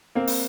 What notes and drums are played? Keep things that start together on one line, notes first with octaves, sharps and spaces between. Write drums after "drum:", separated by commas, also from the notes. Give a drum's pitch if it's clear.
A#3 C4
drum: open hi-hat